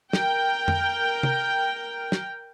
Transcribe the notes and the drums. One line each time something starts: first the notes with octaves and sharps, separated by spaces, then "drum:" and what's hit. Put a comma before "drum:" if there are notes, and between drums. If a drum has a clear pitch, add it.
A#4 G5, drum: snare
drum: tom F2
drum: tom
drum: snare